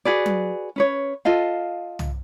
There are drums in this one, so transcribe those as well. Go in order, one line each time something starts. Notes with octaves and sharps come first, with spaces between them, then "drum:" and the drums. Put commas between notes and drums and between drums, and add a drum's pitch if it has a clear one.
F#4 G#4 B4 D5
drum: tom F#3
C#4 B4 C#5
F4 A4 D#5 F5
drum: tom